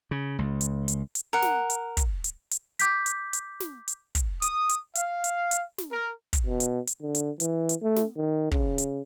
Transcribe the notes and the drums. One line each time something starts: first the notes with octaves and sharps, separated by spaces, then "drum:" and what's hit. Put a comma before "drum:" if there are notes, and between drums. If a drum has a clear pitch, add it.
C#3
C#2
drum: hi-hat
drum: hi-hat
drum: hi-hat
A#4 F#5
drum: snare
drum: hi-hat
drum: kick, hi-hat
drum: hi-hat
drum: hi-hat
D6 G6 B6, drum: hi-hat
drum: hi-hat
drum: hi-hat
drum: snare
drum: hi-hat
drum: kick, hi-hat
D#6, drum: hi-hat
drum: hi-hat
F5, drum: hi-hat
drum: hi-hat
drum: hi-hat
drum: snare
A#4
drum: kick, hi-hat
B2
drum: hi-hat
drum: hi-hat
D3
drum: hi-hat
E3, drum: hi-hat
drum: hi-hat
A3
drum: snare
D#3
C#3, drum: kick
drum: hi-hat